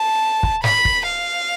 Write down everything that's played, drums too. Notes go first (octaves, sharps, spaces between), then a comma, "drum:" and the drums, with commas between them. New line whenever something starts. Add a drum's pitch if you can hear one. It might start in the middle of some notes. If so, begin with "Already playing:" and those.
Already playing: A5
drum: kick
B5, drum: snare
drum: kick
F5